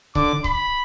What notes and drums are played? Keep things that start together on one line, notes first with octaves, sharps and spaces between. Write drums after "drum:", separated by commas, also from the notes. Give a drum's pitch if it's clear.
D3 D6, drum: kick C#1
B5, drum: kick C#1